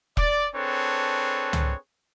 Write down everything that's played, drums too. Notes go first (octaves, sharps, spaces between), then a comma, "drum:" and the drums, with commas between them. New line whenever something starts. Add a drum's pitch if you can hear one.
D5, drum: kick E1
C4 D4 G#4 A4 B4 C#5
drum: tom